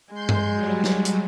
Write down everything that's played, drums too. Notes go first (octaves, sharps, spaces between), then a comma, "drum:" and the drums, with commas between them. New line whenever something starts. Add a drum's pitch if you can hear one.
G#3 C6 G6
drum: tom G2
F#3 G3
drum: snare
drum: hi-hat